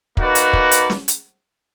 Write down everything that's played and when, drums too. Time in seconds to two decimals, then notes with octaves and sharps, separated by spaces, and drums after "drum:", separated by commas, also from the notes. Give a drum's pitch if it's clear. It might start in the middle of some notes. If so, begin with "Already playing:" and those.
0.17 A#3 D#4 F#4 B4 D5, drum: kick
0.35 drum: hi-hat
0.53 drum: kick
0.71 drum: hi-hat
0.90 drum: snare
1.08 drum: hi-hat